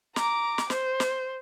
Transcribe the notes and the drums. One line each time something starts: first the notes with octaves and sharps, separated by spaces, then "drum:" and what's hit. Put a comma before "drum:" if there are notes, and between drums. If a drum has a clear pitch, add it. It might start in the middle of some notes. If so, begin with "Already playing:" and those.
A#5 D6, drum: snare
drum: snare
C5, drum: snare
drum: snare